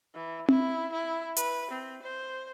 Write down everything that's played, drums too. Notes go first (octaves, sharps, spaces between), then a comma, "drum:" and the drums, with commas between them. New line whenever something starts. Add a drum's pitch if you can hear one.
E3
E4, drum: tom C4
E4
B4, drum: hi-hat
C4
C5